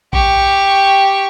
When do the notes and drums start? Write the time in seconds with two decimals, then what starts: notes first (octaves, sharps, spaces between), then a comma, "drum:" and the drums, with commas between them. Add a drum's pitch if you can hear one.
0.13 G4 C#6, drum: kick A1